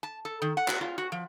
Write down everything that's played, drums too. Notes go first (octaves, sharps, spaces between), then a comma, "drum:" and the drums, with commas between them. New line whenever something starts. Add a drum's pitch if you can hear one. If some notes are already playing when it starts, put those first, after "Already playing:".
A5
A4
D#3
F#5
F#4, drum: clap
F4
F#4
F3